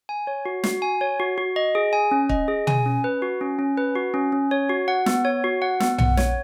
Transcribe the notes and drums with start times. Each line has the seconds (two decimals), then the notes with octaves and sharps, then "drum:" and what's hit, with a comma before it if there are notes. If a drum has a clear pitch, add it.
0.09 G#5
0.27 C#5
0.45 F#4
0.64 F#4, drum: snare
0.82 G#5
1.01 C#5
1.20 F#4
1.38 F#4
1.56 D#5
1.75 G#4
1.93 G#5
2.11 C#4
2.29 D#5, drum: kick
2.48 G#4
2.67 G#5, drum: tom
2.86 C#4
3.04 B4
3.22 F#4
3.41 C#4
3.59 C#4
3.78 B4
3.95 F#4
4.14 C#4
4.32 C#4
4.51 C#5
4.69 F#4
4.88 F#5
5.06 B3, drum: snare
5.25 C#5
5.44 F#4
5.62 F#5
5.80 B3, drum: snare
5.98 F#5, drum: tom B1
6.17 C#5, drum: snare